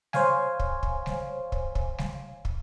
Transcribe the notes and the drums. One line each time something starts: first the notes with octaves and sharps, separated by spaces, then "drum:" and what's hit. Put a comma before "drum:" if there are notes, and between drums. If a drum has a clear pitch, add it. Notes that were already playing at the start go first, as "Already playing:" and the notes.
C5 C#5 F5 G#5, drum: snare G3
drum: kick
drum: kick
drum: snare G3
drum: kick
drum: kick
drum: snare G3
drum: kick